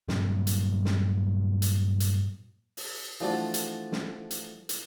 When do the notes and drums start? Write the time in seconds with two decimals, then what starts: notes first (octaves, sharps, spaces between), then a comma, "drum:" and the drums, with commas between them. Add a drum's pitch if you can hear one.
0.08 G2 A#2 F#3, drum: snare
0.47 drum: hi-hat
0.85 drum: snare
1.62 drum: hi-hat
2.00 drum: hi-hat
2.77 drum: open hi-hat
3.20 E3 F3 A3 D4 F#4 A4
3.54 drum: hi-hat
3.92 drum: snare
4.31 drum: hi-hat
4.69 drum: hi-hat